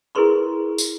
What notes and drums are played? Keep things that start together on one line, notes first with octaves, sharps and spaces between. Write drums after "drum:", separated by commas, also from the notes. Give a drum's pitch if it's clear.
E4 G#4 A#4 B4 C6 C#6
drum: tambourine